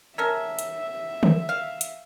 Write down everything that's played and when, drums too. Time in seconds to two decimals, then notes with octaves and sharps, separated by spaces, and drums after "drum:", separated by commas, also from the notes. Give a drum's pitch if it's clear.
0.18 C#4 A4 A#4 E5
0.59 drum: hi-hat
1.23 drum: tom D3
1.49 F5
1.81 drum: hi-hat